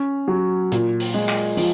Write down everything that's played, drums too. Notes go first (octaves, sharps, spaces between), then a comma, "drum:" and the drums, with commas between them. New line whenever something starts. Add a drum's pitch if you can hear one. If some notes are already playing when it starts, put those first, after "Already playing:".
Already playing: C#4
F#3
A#2, drum: hi-hat
drum: open hi-hat
G#3
drum: clap
F3, drum: open hi-hat